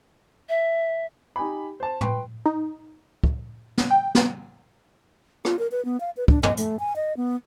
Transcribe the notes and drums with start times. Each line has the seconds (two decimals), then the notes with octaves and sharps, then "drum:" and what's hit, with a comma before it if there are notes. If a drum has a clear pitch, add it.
0.49 E5
1.36 D#4 G4 G#5 B5
1.80 C5 A5
2.01 B4 G5 C6 C#6, drum: tom
2.46 D#4
3.24 drum: kick
3.78 drum: snare
3.91 G5
4.15 drum: snare
5.45 F4, drum: rim click
5.59 A#4
5.72 B4
5.85 B3
6.00 F5
6.17 B4
6.28 D4, drum: kick
6.43 D#5, drum: tom
6.57 A3, drum: hi-hat
6.79 G#5
6.96 D#5
7.17 B3